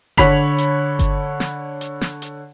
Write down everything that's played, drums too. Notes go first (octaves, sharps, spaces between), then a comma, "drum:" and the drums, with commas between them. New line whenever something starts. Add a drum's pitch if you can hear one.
D3 C#5 B5 B6 F7, drum: kick G1, hi-hat
drum: hi-hat
drum: kick G1, hi-hat
drum: snare
drum: hi-hat
drum: snare
drum: hi-hat